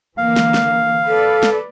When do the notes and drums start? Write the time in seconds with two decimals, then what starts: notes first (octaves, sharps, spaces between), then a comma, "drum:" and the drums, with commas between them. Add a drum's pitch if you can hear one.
0.18 D3 E3 A#3 F5
0.36 drum: snare
0.54 drum: snare
1.07 A4 B4 D5
1.43 drum: snare